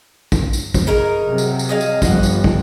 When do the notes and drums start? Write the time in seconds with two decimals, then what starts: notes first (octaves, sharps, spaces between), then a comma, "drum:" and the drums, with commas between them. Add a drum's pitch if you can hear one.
0.32 drum: kick, tambourine
0.53 drum: tambourine
0.74 drum: kick, tambourine
0.87 C#3 D#4 A#4
1.23 C3 F#3
1.38 drum: tambourine
1.59 drum: tambourine
1.69 G#4 D#5 F5
1.81 drum: tambourine
2.02 G1 F3 G3 D#5 F#5, drum: kick, tambourine
2.23 drum: tambourine
2.44 drum: kick